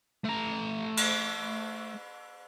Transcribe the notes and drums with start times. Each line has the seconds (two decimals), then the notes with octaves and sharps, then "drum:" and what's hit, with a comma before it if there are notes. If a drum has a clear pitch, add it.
0.25 A3 A#5
0.97 drum: cymbal